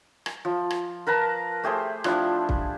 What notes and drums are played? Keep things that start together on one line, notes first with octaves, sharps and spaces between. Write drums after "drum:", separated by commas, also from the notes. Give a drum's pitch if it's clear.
drum: rim click
F3
drum: rim click
A#4 B4 A5 A#5
A3 G4 G#4 C5
F3 D4 E4, drum: rim click
drum: kick